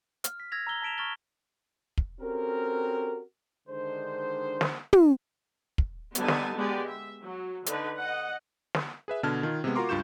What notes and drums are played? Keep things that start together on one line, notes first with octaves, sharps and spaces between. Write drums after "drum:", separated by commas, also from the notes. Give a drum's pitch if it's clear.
F6, drum: hi-hat
B6
E6 G#6 A#6 F7
A#5 E6 G7
A5 B6 D7 E7 F7
C#6 F6 A6 G7
drum: kick
C4 C#4 F#4 G4 A4 A#4
D3 D#3 G#3 D4 C5
drum: snare
drum: tom
drum: kick
D3 G3 B3 D#4 G#5 A5, drum: hi-hat
drum: snare
G#3 B3 G4 D5
E5
F#3
D3 D#4 B4, drum: hi-hat
D#5 F#5
drum: snare
G#4 B4 E5
B2 D3 A5 F6 G#6
D#3 F4
C3 G#3 B3
F4 F#4 A#4 A#5 C6 D6
C#2 G2 F4 C#6 G6 E7